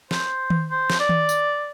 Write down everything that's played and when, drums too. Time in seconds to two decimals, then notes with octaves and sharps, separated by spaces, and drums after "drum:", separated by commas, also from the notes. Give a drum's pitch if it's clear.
0.11 C5, drum: snare
0.50 drum: tom D#3
0.70 C5
0.90 drum: snare
1.00 D5
1.09 drum: tom D#3
1.29 drum: tambourine